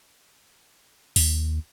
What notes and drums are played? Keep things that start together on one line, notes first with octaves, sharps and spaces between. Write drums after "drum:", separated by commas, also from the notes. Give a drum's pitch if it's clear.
D#2, drum: open hi-hat